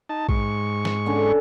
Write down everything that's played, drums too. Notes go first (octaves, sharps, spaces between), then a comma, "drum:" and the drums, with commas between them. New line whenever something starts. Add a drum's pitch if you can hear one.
D#4 A5
G#2 C#6, drum: kick A#1
drum: snare
D3 C#4